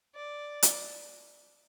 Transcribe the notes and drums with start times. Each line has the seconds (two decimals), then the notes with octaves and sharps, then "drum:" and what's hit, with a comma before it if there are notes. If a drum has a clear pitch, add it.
0.15 D5
0.63 drum: hi-hat